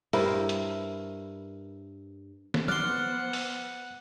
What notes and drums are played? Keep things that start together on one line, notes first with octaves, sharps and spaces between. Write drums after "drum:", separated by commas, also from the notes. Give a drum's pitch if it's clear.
G2 E4 A#4 C5, drum: open hi-hat
drum: hi-hat
drum: snare
B3 C5 D5 F#5 C6 F6 F#6, drum: tom F3
drum: open hi-hat